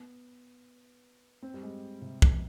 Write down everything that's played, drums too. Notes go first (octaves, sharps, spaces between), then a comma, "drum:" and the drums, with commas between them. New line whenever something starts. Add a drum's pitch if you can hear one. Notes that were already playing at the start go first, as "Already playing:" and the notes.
Already playing: B3
C4
G3
G#3
C3
B2, drum: kick B1